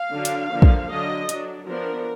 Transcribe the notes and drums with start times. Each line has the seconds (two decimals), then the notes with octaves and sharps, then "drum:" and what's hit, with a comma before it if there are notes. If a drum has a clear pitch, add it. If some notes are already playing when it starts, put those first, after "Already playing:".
Already playing: F5
0.13 D3 F#3 D4
0.25 drum: hi-hat
0.53 D3 F3 A#3
0.62 drum: kick
0.91 D3 F#3 D4 D#5
1.29 F#3 D4, drum: hi-hat
1.66 F3 B3 D4 A#4